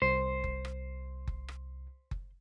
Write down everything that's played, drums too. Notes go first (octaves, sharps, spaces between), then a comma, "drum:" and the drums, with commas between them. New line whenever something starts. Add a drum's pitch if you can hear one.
C2 C5
drum: kick F#1
drum: rim click
drum: kick F#1
drum: rim click
drum: kick F#1